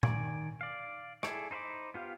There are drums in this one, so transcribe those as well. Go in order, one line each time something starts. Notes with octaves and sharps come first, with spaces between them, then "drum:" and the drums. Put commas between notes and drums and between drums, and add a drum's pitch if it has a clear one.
D#3 D5 G#5, drum: tom A#2
D5 F5
E4 G#4 A4 D5, drum: rim click
D#4 C5 E5 B5 D6
B3 F4 G4 F5